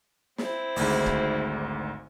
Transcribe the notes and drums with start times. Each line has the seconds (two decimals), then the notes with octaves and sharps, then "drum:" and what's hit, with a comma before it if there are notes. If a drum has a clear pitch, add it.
0.38 C4 E4, drum: snare
0.76 G#1 D2 G#2, drum: open hi-hat
1.06 drum: kick